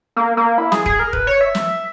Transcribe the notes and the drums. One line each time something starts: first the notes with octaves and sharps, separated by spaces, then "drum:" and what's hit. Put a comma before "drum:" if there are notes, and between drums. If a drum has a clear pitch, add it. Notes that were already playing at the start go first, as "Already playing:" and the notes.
A#3
A#3
E4
G#4, drum: snare
G#4, drum: kick
A#4
B4, drum: kick
C#5
E5
drum: snare